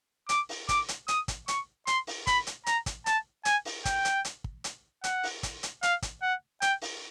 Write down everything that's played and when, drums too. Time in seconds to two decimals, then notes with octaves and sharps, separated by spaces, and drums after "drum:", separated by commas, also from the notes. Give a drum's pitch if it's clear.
0.29 D6, drum: hi-hat
0.49 drum: open hi-hat
0.69 D6, drum: kick, hi-hat
0.89 drum: hi-hat
1.08 D#6, drum: hi-hat
1.28 drum: kick, hi-hat
1.48 C#6, drum: hi-hat
1.87 C6, drum: hi-hat
2.07 drum: open hi-hat
2.27 B5, drum: kick, hi-hat
2.47 drum: hi-hat
2.66 A#5, drum: hi-hat
2.86 drum: kick, hi-hat
3.06 A5, drum: hi-hat
3.45 G#5, drum: hi-hat
3.65 drum: open hi-hat
3.85 G5, drum: kick, hi-hat
4.05 drum: hi-hat
4.25 drum: hi-hat
4.44 drum: kick
4.64 drum: hi-hat
5.04 F#5, drum: hi-hat
5.23 drum: open hi-hat
5.43 drum: kick, hi-hat
5.63 drum: hi-hat
5.83 F5, drum: hi-hat
6.02 drum: kick, hi-hat
6.22 F#5
6.62 G5, drum: hi-hat
6.82 drum: open hi-hat